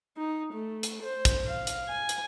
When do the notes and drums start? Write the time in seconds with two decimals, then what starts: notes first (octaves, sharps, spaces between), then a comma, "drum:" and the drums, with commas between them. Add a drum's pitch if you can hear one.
0.17 D#4
0.54 A3
0.83 drum: hi-hat
1.03 C5
1.25 drum: kick, hi-hat
1.46 F5
1.67 drum: hi-hat
1.89 G#5
2.09 drum: hi-hat